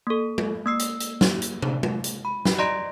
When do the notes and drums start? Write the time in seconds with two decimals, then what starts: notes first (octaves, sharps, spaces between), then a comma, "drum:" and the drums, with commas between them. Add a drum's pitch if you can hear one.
0.07 A#3 A4
0.38 drum: tom G#3
0.66 A#3 E6 C7
0.79 drum: hi-hat
1.00 drum: hi-hat
1.21 drum: snare
1.42 drum: hi-hat
1.62 drum: tom
1.83 drum: tom G#3
2.04 drum: hi-hat
2.25 B5
2.45 drum: snare
2.58 D5 D#5 A#5 C6 A#6 D7